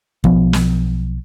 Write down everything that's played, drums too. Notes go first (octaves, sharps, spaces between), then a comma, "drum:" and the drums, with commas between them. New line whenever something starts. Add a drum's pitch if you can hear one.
B1 F3 B3, drum: kick
drum: snare